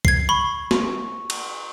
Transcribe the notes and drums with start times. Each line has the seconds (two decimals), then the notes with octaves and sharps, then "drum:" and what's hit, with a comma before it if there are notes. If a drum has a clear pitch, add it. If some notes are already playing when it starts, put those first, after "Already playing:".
0.05 G#6 C7, drum: kick
0.29 B5 C#6
0.71 drum: snare
1.30 drum: cymbal